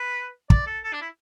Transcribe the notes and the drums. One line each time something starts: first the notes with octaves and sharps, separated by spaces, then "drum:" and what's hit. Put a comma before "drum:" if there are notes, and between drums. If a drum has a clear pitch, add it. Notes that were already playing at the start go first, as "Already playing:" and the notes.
Already playing: B4
D5, drum: kick
A4
A4
D4
E4